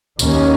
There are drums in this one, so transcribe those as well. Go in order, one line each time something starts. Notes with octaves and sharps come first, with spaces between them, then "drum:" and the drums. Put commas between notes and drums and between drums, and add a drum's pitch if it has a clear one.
D#2 D#3 A#3 C#4, drum: tambourine